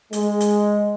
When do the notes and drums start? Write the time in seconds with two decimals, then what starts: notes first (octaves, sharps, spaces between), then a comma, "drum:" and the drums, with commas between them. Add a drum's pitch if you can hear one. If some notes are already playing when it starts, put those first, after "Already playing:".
0.13 G#3, drum: hi-hat
0.40 drum: hi-hat